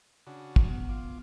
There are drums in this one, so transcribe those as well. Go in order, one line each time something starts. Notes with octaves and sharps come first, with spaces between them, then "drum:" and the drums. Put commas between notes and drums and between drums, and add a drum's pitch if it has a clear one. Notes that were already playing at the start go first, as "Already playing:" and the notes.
C#3 D4 F#4
drum: kick
B3
F4 D6